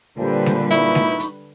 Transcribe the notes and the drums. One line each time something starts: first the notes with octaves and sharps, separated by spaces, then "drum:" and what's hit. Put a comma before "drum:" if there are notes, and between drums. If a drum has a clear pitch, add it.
A#2 D3 G3 G4 B4 C5 A5
drum: snare
D#4 E4 B5 C#6, drum: hi-hat
drum: snare
drum: hi-hat